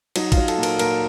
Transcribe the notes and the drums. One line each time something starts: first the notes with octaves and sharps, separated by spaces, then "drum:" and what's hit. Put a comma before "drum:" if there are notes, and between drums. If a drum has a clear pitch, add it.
F#3 D#4, drum: cymbal
F4, drum: kick, cymbal
F#3
A4, drum: cymbal
A#2
A#4, drum: cymbal
A#2 A#4, drum: cymbal